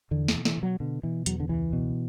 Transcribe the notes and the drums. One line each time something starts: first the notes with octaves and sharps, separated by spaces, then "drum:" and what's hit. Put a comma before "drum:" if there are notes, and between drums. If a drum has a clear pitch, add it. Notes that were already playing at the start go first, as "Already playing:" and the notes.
E2 D3
E3, drum: snare
B2
E3, drum: snare
B2
F#3
B2 D3
B2 E3
E2 F#3, drum: hi-hat
D3
C#2 E3
B2